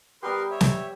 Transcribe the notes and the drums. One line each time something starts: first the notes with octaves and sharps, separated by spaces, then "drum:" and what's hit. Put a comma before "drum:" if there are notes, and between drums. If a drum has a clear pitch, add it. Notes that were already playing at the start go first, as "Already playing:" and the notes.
G3 B3 G4 A#4 B4 C6
C#5 E5
drum: snare